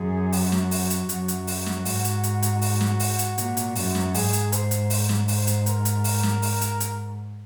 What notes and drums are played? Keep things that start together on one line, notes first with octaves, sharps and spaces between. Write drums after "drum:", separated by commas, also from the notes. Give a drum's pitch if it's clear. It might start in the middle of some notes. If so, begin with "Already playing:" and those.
Already playing: F#2 G#4
F#4, drum: open hi-hat
drum: snare
drum: open hi-hat
drum: hi-hat
F#2, drum: hi-hat
drum: hi-hat
drum: open hi-hat
drum: snare
G#2, drum: open hi-hat
drum: hi-hat
drum: hi-hat
drum: hi-hat
drum: open hi-hat
drum: snare
drum: open hi-hat
drum: hi-hat
A#2 F#4, drum: hi-hat
drum: hi-hat
F#2 F#4, drum: open hi-hat
drum: snare
G#2 G#4, drum: open hi-hat
drum: hi-hat
C5, drum: hi-hat
drum: hi-hat
drum: open hi-hat
drum: snare
C5, drum: open hi-hat
drum: hi-hat
A#4, drum: hi-hat
drum: hi-hat
drum: open hi-hat
drum: snare
drum: open hi-hat
drum: hi-hat
drum: hi-hat